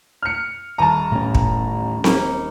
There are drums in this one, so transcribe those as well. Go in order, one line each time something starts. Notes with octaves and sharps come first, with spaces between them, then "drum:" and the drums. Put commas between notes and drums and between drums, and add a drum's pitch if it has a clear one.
F6 C#7
D#1 A5 A#5 D#7
A2 C#4
drum: kick
A#3 C#4 D#4, drum: snare C4